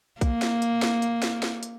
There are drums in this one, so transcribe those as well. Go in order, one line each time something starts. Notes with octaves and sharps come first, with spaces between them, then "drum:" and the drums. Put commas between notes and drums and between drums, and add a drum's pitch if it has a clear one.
A#3, drum: kick, hi-hat
drum: snare
drum: hi-hat
drum: snare
drum: hi-hat
drum: snare
drum: snare
drum: hi-hat